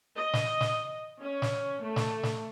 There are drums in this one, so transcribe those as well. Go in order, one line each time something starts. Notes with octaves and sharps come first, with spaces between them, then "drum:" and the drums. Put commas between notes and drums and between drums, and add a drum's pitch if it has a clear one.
D#5
drum: snare
drum: snare
C#4
drum: snare
A3
drum: snare
drum: snare